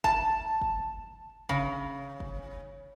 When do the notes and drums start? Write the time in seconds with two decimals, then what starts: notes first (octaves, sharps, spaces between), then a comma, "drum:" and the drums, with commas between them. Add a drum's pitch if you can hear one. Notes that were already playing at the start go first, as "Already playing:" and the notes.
0.04 A5, drum: kick
0.61 drum: kick
1.49 C#3, drum: kick
2.20 drum: kick